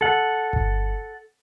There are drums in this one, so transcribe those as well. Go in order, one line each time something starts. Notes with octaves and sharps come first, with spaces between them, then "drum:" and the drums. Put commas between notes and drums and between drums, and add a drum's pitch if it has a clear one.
A4 F#5
drum: kick G1